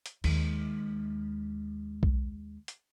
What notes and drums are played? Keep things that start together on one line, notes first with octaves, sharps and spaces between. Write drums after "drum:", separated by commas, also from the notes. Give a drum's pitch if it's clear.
drum: hi-hat
D#2 G#3, drum: cymbal
drum: kick B1
drum: hi-hat